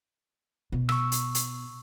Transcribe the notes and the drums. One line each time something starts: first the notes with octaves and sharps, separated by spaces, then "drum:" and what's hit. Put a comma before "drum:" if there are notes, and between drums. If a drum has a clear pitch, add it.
B2
C#6 E6, drum: rim click
drum: hi-hat
drum: hi-hat